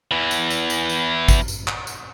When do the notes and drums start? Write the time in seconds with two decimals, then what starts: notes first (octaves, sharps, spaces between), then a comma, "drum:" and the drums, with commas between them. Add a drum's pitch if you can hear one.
0.11 E2 E3
0.31 drum: tambourine
0.50 drum: tambourine
0.70 drum: tambourine
0.89 drum: tambourine
1.28 drum: kick, tambourine
1.48 drum: tambourine
1.68 drum: clap
1.87 drum: tambourine